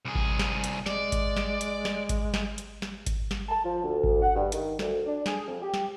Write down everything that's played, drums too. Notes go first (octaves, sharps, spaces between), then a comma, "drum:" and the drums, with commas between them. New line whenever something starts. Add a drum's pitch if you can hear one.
C2 G#4
drum: kick G#1
drum: snare
drum: hi-hat
G#3 D5, drum: snare
drum: kick G#1, hi-hat
drum: snare
drum: hi-hat
drum: snare
drum: kick G#1, hi-hat
drum: snare
drum: hi-hat
drum: snare
drum: kick G#1, hi-hat
drum: snare
A5
F3
D2
drum: kick G#1
F#5
G2
D#3, drum: hi-hat
D2, drum: snare
D4
G#4, drum: snare
F2
G4
drum: snare